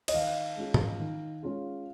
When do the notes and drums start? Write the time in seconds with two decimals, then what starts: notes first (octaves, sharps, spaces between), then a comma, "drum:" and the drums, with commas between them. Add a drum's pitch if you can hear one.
0.08 D#5, drum: cymbal
0.14 D#3 F5
0.56 G#3 C#4 F4 G#4
0.74 drum: tom G#2
1.00 D#3
1.43 G#3 C#4 F4 G#4